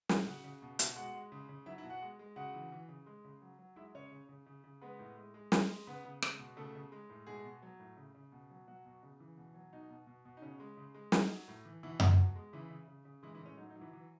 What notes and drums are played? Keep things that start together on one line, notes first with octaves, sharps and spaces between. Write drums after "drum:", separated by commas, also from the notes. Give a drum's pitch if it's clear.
A2, drum: snare
C#3 F#4 F#5
C#3
B2
B2, drum: hi-hat
G#3 F#4 F#5
G#3
C#3
C#3
F#3 E4 E5
E4 E5
B2
F#4 F#5
G#3
G#3
C#3 F#4 F#5
E3
E3
C#3
G#3
C#3
F#3
F#3
G#3 E4 E5
C#3 C#4 C#5
C#3
C#3
C#3
C#3
G#3 B3 B4
A2
G#3
G#3
G#3, drum: snare
G#3
C#3 B3 B4
C#3
G#3, drum: rim click
B2
C#3 A3 A4
C#3
G#3
A2
B2 G#3 G#4
B2
F#3
A2
C#3
C#3
B2
F#3
B2 F#3 F#4
B2
C#3
E3
B2
F#3
B2 D#4
B2
B2
B2
D#4
C#3 C#4
G#3
C#3
G#3
F#3 D#4, drum: snare
F#3
A2
E3
B2 E3 E4
F#3, drum: tom F#2
B2
G#3
C#3 E3 E4
C#3
C#3
C#3
E3 G#3 E4
E3 E4
A2
C#4
F#3 D#4
D#4
F#3
E3 E4
E3